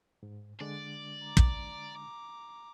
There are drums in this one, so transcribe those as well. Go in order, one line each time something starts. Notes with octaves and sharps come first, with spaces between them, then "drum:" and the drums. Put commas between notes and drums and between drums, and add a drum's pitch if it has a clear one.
G#2
D3 G#3 D4 D5
A#5 D6
drum: kick